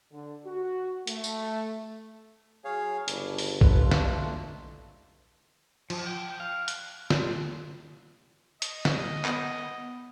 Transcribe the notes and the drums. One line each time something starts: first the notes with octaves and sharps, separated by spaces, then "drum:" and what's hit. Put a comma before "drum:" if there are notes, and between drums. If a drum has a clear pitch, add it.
D3
F#4
A3, drum: hi-hat
drum: tambourine
F#3 G#4 C#5 F5 G#5
G1 C#3 D4 E4, drum: hi-hat
drum: open hi-hat
A#3 F4 A4 B4, drum: kick A#1
B2 A3 D4, drum: snare
F3, drum: cymbal
G5
F5
F#6, drum: hi-hat
F4, drum: snare
D#5, drum: hi-hat
drum: snare
B3, drum: clap